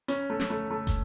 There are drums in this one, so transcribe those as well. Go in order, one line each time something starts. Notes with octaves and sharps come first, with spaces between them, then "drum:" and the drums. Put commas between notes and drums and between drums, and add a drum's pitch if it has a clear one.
C#4, drum: hi-hat
A3
drum: snare
A3
A3
drum: kick, hi-hat